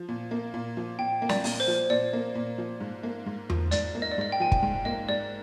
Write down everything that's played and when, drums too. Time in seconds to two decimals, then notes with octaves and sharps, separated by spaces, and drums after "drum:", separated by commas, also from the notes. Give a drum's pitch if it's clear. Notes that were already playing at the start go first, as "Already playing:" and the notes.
Already playing: F3
0.09 A#2
0.31 A#3
0.54 A#2
0.77 F3
0.99 A#2 G5
1.22 A#3
1.29 D5, drum: snare
1.44 A#2, drum: open hi-hat
1.60 C5
1.68 F3
1.90 A#2 D5
2.13 A#3
2.35 A#2
2.58 F3
2.80 G#2
3.03 A#3
3.26 G#2
3.50 F3, drum: tom E2
3.71 G#2 D5, drum: hi-hat
3.95 A#3
4.02 D#5
4.11 D5
4.18 G#2 D#5
4.32 G5
4.40 F3 G#5
4.52 G5, drum: kick
4.63 G#2 G5
4.85 A#3 D#5
5.09 G#2 D5